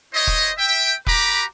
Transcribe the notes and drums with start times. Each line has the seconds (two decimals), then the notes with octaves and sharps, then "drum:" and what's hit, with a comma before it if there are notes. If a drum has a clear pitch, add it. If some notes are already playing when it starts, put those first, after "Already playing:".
0.13 E4 C5 C#5 D#5
0.27 drum: kick E1
0.57 E5 G5
1.06 F#4 G4 B4 A#5 B5 D6, drum: kick E1